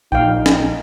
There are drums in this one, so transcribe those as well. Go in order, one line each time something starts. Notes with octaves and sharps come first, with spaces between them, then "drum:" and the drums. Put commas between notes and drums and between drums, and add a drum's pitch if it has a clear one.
A#1 D#4 F5 G5
drum: snare